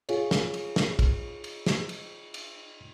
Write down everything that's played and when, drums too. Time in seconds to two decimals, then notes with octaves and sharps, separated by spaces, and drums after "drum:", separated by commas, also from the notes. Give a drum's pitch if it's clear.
0.09 F4 G#4 C#5, drum: cymbal
0.31 drum: snare
0.54 drum: cymbal
0.76 drum: snare
0.99 drum: kick, cymbal
1.44 drum: cymbal
1.66 drum: snare
1.89 drum: cymbal
2.34 drum: cymbal